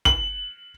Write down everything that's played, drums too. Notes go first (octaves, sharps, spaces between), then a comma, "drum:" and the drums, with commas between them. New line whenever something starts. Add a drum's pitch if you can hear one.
F#7, drum: kick